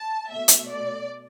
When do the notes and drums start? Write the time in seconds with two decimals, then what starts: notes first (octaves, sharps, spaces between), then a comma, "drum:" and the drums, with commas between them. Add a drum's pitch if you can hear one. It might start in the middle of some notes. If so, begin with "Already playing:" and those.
Already playing: A5
0.31 B2 A3 E5
0.48 drum: hi-hat
0.70 D5